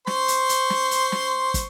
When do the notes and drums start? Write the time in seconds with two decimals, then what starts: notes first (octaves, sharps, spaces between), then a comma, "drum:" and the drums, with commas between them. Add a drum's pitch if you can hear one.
0.07 C5 C6 C#6, drum: snare
0.28 drum: hi-hat
0.49 drum: hi-hat
0.70 drum: snare
0.91 drum: hi-hat
1.12 drum: snare
1.54 drum: kick, hi-hat